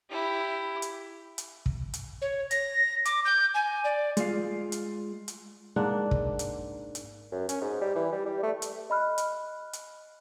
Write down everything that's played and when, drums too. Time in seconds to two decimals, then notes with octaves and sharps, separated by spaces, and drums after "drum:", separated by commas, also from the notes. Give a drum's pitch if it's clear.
0.10 E4 G4
0.82 drum: hi-hat
1.38 drum: hi-hat
1.66 drum: kick
1.94 drum: hi-hat
2.22 C#5
2.51 A#6, drum: hi-hat
3.05 D6, drum: hi-hat
3.25 G6
3.55 G#5
3.84 D5
4.17 G#3 F4 F5, drum: hi-hat
4.72 drum: hi-hat
5.28 drum: hi-hat
5.76 G#2 A#3 D4 F#5
6.11 drum: kick
6.39 drum: hi-hat
6.95 drum: hi-hat
7.32 F#2
7.49 C#4, drum: hi-hat
7.61 G#2
7.81 G3
7.96 E3
8.12 G3
8.26 G3
8.43 A3
8.62 drum: hi-hat
8.90 D#5 B5 F6 F#6
9.18 drum: hi-hat
9.73 drum: hi-hat